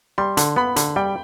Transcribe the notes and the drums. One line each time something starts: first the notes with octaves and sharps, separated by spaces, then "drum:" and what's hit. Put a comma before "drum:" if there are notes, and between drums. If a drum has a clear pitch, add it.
G3 C6
D3, drum: hi-hat
B3 B5
D3, drum: hi-hat
G3 G5